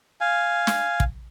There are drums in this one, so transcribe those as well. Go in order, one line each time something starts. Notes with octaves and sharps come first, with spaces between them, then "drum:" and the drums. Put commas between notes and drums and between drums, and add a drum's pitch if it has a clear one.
F5 G#5
drum: snare
drum: kick